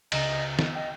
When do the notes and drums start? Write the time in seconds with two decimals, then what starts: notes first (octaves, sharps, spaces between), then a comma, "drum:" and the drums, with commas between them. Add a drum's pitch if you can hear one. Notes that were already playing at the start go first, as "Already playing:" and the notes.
0.12 C#2 C#3 D#5 A#5, drum: cymbal
0.59 D#5, drum: snare
0.75 D#5 G5